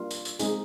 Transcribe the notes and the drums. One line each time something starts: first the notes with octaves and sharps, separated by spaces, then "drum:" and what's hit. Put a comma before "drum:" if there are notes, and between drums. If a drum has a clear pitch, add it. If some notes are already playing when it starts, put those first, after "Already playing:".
Already playing: G3 A#3 D4 F4
drum: tambourine
drum: tambourine
G#3 C4 D#4 G#4, drum: tambourine